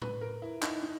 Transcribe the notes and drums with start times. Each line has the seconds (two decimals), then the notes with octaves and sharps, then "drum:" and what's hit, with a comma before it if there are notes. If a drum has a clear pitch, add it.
0.02 B4, drum: tom A2
0.21 A#4
0.42 E4
0.62 D#4, drum: clap
0.83 D#4